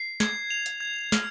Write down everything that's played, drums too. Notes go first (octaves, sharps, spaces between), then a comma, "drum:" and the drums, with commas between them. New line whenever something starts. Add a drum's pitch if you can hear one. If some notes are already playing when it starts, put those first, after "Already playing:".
Already playing: C7
G#6, drum: snare
F7
drum: hi-hat
G#6
F6, drum: snare